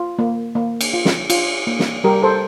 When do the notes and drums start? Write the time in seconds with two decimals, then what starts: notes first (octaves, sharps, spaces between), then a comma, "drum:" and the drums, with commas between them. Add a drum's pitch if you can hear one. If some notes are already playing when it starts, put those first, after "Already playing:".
Already playing: F4
0.19 A#3
0.55 A#3
0.81 drum: cymbal
0.94 F4
1.05 drum: snare
1.30 F4, drum: cymbal
1.67 A#3
1.80 drum: snare
2.04 G3 G4 A#4
2.22 A4 C5